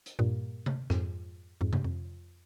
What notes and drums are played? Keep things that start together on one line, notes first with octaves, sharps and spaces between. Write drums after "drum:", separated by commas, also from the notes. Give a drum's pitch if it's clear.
drum: hi-hat
G2 A#2
drum: tom C3
F2 G#2, drum: rim click
F2 G#2
G2, drum: tom C3
F2